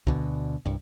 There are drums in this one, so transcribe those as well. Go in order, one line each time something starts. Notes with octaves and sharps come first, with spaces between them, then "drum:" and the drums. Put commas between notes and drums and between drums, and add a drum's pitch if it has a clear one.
D2 B2 D3, drum: kick
C2 G2